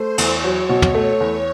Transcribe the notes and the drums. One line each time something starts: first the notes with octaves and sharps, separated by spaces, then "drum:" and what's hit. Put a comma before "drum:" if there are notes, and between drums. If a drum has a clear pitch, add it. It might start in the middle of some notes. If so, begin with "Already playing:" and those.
Already playing: A3 C5
E2, drum: cymbal
C#5
F#3
B2
drum: tom
A3
E2